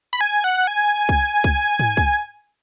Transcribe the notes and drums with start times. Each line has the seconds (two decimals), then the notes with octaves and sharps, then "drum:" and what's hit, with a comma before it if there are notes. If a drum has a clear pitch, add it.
0.13 B5
0.21 G#5
0.44 F#5
0.67 G#5
1.09 drum: kick
1.44 drum: kick
1.80 drum: tom G#2
1.97 drum: kick